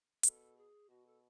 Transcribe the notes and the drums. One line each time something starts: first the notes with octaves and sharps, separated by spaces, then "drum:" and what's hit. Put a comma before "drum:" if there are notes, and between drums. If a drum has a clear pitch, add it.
B2 A4, drum: hi-hat
G#4
B2 F#4
A4